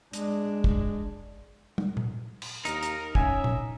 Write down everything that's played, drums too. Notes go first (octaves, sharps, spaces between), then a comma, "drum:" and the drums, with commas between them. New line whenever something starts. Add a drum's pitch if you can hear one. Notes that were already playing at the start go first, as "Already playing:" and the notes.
G#3 D4, drum: hi-hat
drum: kick
drum: tom
drum: tom A#2
drum: cymbal
D#2 D#4 A#4, drum: hi-hat
drum: hi-hat
C#4 E5 G#5, drum: kick
drum: tom A#2